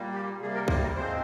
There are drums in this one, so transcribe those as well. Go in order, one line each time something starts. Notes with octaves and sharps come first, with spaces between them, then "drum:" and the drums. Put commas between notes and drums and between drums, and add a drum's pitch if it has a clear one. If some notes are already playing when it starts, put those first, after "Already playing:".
Already playing: A#2 G3 A#3
G4
C3 G3 A#3 G#4
A#4
C5, drum: kick
A#4
G#2 F3 G#3 C4 C5